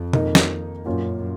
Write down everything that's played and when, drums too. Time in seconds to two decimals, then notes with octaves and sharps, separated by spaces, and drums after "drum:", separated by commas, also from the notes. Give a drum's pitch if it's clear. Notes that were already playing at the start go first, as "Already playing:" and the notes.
Already playing: F2
0.13 D#3 A#3 D#4, drum: tom B2
0.35 drum: snare
0.86 F#2 A#2 F#3 C#4 F4